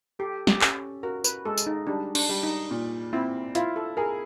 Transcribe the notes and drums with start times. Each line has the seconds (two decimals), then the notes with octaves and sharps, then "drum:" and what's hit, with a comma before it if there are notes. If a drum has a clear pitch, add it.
0.19 G4 A4
0.47 G4, drum: snare
0.61 C#4, drum: clap
1.03 F#4 A#4
1.24 B4, drum: tambourine
1.45 G#3 A4
1.58 drum: tambourine
1.67 D#4
1.87 G3 D4
2.15 D4, drum: cymbal
2.29 G3
2.43 D#4
2.71 A#2
3.13 C4 E4
3.55 E4 F4, drum: hi-hat
3.76 A4
3.97 G#4 A#4